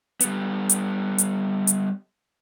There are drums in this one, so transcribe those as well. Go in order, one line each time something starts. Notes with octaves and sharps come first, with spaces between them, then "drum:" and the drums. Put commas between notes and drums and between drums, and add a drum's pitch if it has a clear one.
G3 B3, drum: hi-hat
drum: hi-hat
drum: hi-hat
drum: hi-hat